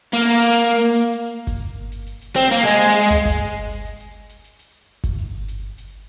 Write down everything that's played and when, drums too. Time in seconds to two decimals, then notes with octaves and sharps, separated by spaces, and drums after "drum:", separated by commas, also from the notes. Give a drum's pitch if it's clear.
0.13 A#3, drum: hi-hat
0.28 drum: hi-hat
0.43 drum: hi-hat
0.73 drum: hi-hat
0.88 drum: hi-hat
1.03 drum: hi-hat
1.47 drum: kick G1, hi-hat
1.62 drum: open hi-hat
1.92 drum: hi-hat
2.07 drum: hi-hat
2.21 drum: hi-hat
2.36 C4
2.52 A#3, drum: hi-hat
2.66 G#3, drum: hi-hat
2.81 drum: hi-hat
3.11 drum: tom C#2
3.25 drum: kick G1, hi-hat
3.40 drum: open hi-hat
3.70 drum: hi-hat
3.85 drum: hi-hat
4.00 drum: hi-hat
4.29 drum: hi-hat
4.44 drum: hi-hat
4.59 drum: hi-hat
5.04 drum: kick G1, hi-hat
5.18 drum: open hi-hat
5.48 drum: hi-hat
5.78 drum: hi-hat